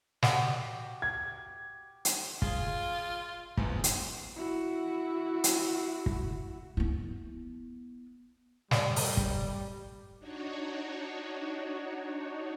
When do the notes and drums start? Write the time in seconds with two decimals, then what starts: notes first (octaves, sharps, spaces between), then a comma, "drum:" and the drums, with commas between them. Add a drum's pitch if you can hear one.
0.23 F#4 G4, drum: snare
1.02 G#6
2.05 drum: hi-hat
2.42 F4 G#4, drum: kick
3.57 A#1 E2 G#2, drum: kick
3.84 drum: hi-hat
4.36 E4 F#4
5.44 drum: hi-hat
6.06 drum: kick
6.77 B3 E4
8.71 F#2 A2 G3 C#5 D5, drum: snare
8.96 drum: open hi-hat
9.17 drum: kick
10.19 D4 D#4 F#4 C#5